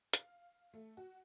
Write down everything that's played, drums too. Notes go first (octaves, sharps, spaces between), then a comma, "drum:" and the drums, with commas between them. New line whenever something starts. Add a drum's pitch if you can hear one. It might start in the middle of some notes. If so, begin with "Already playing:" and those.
F5, drum: hi-hat
A3
F#4